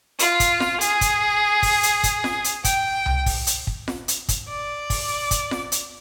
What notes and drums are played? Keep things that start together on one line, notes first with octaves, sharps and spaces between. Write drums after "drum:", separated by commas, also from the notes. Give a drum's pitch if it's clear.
F4, drum: hi-hat
drum: kick, hi-hat
drum: snare F4
G#4, drum: hi-hat
drum: kick, hi-hat
drum: kick, open hi-hat
drum: hi-hat
drum: kick, hi-hat
drum: snare F4
drum: hi-hat
G5, drum: kick, hi-hat
drum: tom C2
drum: kick, open hi-hat
drum: hi-hat
drum: kick
drum: snare F4
drum: hi-hat
drum: kick, hi-hat
D5
drum: kick, open hi-hat
drum: kick, hi-hat
drum: snare F4
drum: hi-hat